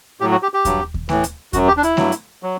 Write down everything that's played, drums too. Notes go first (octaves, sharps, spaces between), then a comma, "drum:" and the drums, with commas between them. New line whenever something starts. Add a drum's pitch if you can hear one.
A2 F#3 G4
F#4
G4
G4
G2 F#3, drum: kick D#2, hi-hat
drum: kick D#2
A2 E3, drum: snare A3
drum: hi-hat
F#2 F#3 F#4, drum: kick D#2, hi-hat
G4
D4
E4, drum: hi-hat
G2 F#3, drum: snare A3
drum: hi-hat
F#3